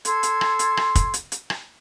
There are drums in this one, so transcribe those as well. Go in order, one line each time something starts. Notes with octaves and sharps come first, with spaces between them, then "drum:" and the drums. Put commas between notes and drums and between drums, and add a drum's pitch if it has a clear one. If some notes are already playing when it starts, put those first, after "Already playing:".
A4 C6 G#6, drum: hi-hat
drum: hi-hat
drum: rim click
drum: hi-hat
drum: rim click
drum: kick, hi-hat
drum: hi-hat
drum: hi-hat
drum: rim click